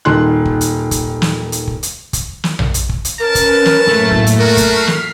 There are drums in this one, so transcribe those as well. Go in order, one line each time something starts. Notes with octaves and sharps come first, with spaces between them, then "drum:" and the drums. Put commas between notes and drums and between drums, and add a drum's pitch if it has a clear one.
D#1 D#3 C6 F#6
drum: kick
drum: hi-hat
drum: kick, hi-hat
drum: snare
drum: hi-hat
drum: kick
drum: hi-hat
drum: kick, hi-hat
drum: snare
drum: tom A#1
drum: hi-hat
drum: kick
drum: hi-hat
C#4 A#4 B4 A5
drum: kick, hi-hat
drum: snare
F#2 A2 A3 A#3
drum: kick
drum: hi-hat
F#4 A#4 F6 B6 C7
drum: kick, hi-hat
drum: snare